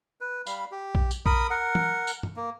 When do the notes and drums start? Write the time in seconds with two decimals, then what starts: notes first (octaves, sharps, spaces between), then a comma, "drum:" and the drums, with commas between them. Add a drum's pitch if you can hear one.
0.21 B4
0.47 G3 F5 B5, drum: tambourine
0.72 G4
0.95 drum: kick A#1
1.11 drum: tambourine
1.26 A#4 B5 D#6, drum: kick A#1
1.50 A#4 F#5
1.75 drum: tom
2.07 drum: tambourine
2.23 drum: tom G2
2.36 A#3